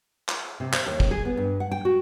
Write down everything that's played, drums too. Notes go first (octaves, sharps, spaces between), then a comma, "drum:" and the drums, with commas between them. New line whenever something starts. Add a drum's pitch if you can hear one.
drum: clap
C3
C5, drum: clap
D#2
drum: kick
G#4
B3
G2
F#5
G5
F#4